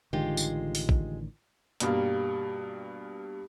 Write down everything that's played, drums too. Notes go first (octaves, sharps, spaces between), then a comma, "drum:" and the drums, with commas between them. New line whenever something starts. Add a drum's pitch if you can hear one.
A1 D3 D#3 G#3 F4 G4
drum: tambourine
drum: open hi-hat
drum: kick
G2 B2 G3 A#3, drum: hi-hat